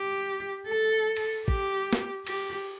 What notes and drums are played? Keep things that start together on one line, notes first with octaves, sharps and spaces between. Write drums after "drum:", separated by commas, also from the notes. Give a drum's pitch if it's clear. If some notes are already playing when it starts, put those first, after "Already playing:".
Already playing: G4
A4
drum: cymbal
G4, drum: kick
drum: snare
G4, drum: cymbal